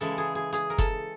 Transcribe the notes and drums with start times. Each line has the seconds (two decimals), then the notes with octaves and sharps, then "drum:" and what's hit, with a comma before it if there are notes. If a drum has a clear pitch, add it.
0.01 C#3 E3 G#3 A4
0.18 G#4
0.35 G#4
0.53 G#4, drum: hi-hat
0.70 A#4
0.78 A4, drum: kick F#1, hi-hat